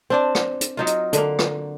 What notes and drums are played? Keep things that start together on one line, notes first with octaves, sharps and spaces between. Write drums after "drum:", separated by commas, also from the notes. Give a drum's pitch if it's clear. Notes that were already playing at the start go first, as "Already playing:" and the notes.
C4 D4 D5
drum: rim click
drum: hi-hat
F#3 D#4 F4
drum: hi-hat
D3 A#3, drum: hi-hat
drum: rim click